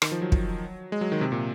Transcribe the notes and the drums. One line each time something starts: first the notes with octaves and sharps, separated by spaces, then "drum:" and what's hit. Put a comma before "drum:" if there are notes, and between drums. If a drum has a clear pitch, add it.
D#3, drum: rim click
F3
F#3
drum: kick
G#3
F#3
D#3
C3
A#2